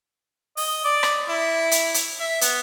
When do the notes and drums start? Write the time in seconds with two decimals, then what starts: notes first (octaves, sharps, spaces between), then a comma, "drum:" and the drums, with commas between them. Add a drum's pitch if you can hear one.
0.57 D#5, drum: open hi-hat
0.84 D5
1.03 drum: rim click
1.29 E4
1.71 drum: hi-hat
1.94 drum: hi-hat
2.20 E5
2.41 B3, drum: hi-hat